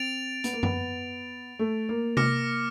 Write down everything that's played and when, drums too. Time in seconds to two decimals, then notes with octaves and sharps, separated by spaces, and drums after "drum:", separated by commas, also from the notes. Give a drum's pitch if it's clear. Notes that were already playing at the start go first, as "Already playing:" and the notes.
Already playing: C4 A6 D7 F7
0.44 B3, drum: hi-hat
0.53 A#3
0.63 B3, drum: tom F#2
1.59 A3
1.89 A#3
2.17 D6 F6 A#6 C#7, drum: tom C3